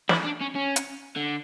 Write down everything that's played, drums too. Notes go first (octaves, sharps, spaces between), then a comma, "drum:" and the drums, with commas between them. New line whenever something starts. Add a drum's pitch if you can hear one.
E4, drum: snare
D4
C#4
C#4
drum: hi-hat
D3